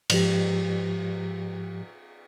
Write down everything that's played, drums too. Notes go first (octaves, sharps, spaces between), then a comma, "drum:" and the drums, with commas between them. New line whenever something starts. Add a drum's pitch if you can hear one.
G#2 F3 G4, drum: cymbal